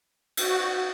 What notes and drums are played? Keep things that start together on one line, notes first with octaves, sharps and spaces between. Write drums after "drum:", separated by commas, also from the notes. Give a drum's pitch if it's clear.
F#4, drum: cymbal